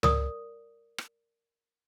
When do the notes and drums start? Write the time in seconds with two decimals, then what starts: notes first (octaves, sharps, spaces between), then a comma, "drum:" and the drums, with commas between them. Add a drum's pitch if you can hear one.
0.03 A#4 D5 D#6, drum: tom C#2
0.98 drum: rim click